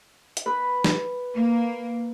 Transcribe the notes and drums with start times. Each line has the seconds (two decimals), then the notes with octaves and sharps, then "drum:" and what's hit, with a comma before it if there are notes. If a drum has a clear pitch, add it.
0.37 drum: hi-hat
0.46 B4
0.84 drum: snare
1.34 A#3